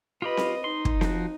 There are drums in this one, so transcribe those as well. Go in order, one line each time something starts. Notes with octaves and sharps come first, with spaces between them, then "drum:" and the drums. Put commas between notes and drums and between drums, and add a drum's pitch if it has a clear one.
F4 G4 B4 D#5 B5
drum: snare C4
D#4 C6
drum: kick
F3 F#4, drum: snare C4